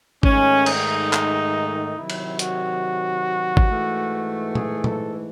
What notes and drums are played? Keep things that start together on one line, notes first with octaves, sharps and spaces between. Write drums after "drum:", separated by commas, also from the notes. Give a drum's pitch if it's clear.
G#2 D#3 A3 C#4, drum: kick G#1
D#4, drum: cymbal
drum: clap
C3 D#3 F#3 E4
drum: cymbal
F#4, drum: hi-hat
drum: kick G#1
G#2 E3 A3
G#4, drum: tom A#2
A4, drum: tom A#2